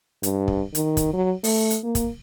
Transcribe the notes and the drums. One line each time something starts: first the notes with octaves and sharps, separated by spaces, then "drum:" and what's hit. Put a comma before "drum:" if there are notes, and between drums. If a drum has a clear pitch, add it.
G2, drum: hi-hat
drum: kick
D#3, drum: hi-hat
drum: kick, hi-hat
F#3
A3, drum: open hi-hat
drum: hi-hat
A#3
drum: kick, hi-hat